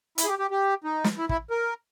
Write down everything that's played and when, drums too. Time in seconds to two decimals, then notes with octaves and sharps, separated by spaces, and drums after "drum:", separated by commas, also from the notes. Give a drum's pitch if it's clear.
0.18 E4, drum: hi-hat
0.24 G#4
0.28 G4
0.39 G4
0.51 G4
0.84 D#4
1.04 drum: snare
1.18 E4
1.29 E4, drum: kick
1.50 A#4